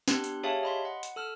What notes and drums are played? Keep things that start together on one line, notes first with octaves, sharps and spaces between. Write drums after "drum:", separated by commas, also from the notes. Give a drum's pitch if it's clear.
B3 D4 G4 C6 F#6, drum: snare
drum: hi-hat
G4 G#4 C#5 E5 F5 A5
D#5 B5 C6
F#5
drum: hi-hat
A4 E6 F6